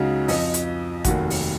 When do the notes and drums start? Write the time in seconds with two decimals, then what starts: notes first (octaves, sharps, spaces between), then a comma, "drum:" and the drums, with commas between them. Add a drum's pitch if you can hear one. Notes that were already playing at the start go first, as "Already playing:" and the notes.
Already playing: C#2 C#3 F#3 D#4 F#4
0.28 F2 F3 D#5, drum: open hi-hat
0.54 drum: hi-hat
1.04 F1 D#2 D#3 F#3 F#5, drum: kick G#1, hi-hat
1.30 drum: open hi-hat